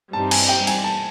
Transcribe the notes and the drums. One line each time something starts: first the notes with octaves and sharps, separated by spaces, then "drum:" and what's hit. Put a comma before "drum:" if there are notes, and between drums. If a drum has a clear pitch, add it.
G2 E3 G3 C4 D#4 A5
G#5, drum: cymbal
G5
G#5, drum: cymbal
A5